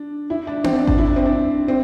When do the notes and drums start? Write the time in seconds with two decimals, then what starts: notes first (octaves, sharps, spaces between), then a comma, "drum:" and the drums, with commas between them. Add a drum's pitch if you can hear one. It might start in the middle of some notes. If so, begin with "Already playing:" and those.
Already playing: D4
0.30 E4
0.47 D4
0.64 C4, drum: tom B3
0.75 D4
0.87 D4, drum: kick G#1
0.98 E4
1.08 D4
1.16 C4
1.26 D4
1.68 C4